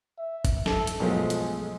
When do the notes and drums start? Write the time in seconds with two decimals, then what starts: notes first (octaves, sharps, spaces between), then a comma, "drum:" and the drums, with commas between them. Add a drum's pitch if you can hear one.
0.18 E5
0.45 drum: kick, hi-hat
0.66 A4, drum: snare
0.87 drum: hi-hat
1.00 B1 F3 G#3 A3
1.30 drum: hi-hat